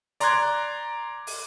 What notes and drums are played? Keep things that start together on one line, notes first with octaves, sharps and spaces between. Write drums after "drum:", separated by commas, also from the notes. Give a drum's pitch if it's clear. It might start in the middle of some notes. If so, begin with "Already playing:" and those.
D5 A#5 C6 D6 F#6 G#6, drum: hi-hat
drum: open hi-hat